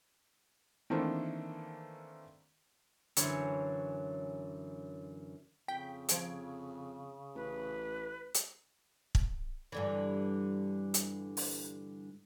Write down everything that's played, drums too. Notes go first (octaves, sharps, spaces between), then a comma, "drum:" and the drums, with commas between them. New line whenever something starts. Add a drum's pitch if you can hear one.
D#3 E3 A3 A#3 C4 D4
F#2 D3 E3 C5 C#5 G#5, drum: hi-hat
F2 C#3 G5 B6
F3 G#6 D7, drum: hi-hat
A1 B4
drum: hi-hat
drum: kick
G2 D3 E3
drum: hi-hat
drum: open hi-hat